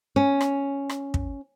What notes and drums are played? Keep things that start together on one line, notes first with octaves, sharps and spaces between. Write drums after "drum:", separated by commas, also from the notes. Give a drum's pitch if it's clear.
C#4
drum: rim click
drum: rim click
drum: kick